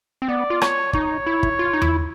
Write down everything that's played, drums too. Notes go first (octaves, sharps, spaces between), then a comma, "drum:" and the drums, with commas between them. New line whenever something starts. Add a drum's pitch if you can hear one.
C4
B3 D5
F4
C#5, drum: rim click
D#4 C#5, drum: kick
E4
drum: kick
F4
D#4
E4, drum: tom E2